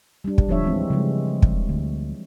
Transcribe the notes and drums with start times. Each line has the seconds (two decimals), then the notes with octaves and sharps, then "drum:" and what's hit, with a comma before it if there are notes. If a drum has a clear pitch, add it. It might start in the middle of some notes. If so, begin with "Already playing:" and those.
0.24 G3 D4
0.38 drum: kick
0.49 D1 F3 D4 C#5 E5
0.63 E3 G#3 C4
0.90 C#3 F3 G3 G#3
1.42 drum: kick
1.69 D2